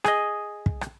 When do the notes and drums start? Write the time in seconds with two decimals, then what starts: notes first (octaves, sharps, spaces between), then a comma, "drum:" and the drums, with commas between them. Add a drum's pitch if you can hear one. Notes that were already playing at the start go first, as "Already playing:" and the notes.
0.04 G#4 D#5, drum: rim click
0.66 drum: kick
0.81 drum: rim click